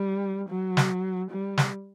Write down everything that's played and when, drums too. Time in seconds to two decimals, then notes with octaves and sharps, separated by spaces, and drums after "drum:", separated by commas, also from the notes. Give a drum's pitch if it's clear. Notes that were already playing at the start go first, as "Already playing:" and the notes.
Already playing: G3
0.50 F#3
0.77 drum: snare
1.31 G3
1.58 drum: snare